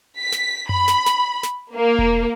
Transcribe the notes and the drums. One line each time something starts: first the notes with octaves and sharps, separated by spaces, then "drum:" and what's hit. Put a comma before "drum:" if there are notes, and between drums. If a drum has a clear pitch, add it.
B6
drum: snare
B5, drum: tom F#2
drum: snare
drum: snare
drum: snare
A#3
drum: kick E1